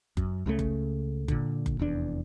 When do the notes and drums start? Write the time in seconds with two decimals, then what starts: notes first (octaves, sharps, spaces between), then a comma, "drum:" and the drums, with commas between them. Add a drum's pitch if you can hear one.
0.17 F#2, drum: kick F#1
0.46 C#2 C#3 E3 A3
0.59 drum: kick F#1
1.28 A#2 D3, drum: kick F#1
1.66 drum: kick F#1
1.79 F1 E2 D4